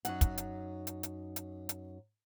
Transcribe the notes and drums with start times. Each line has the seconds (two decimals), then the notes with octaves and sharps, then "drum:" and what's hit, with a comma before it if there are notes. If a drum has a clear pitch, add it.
0.05 F#2 D#4 F#5, drum: hi-hat
0.21 drum: kick, hi-hat
0.38 drum: hi-hat
0.87 drum: hi-hat
1.03 drum: hi-hat
1.36 drum: hi-hat
1.69 drum: hi-hat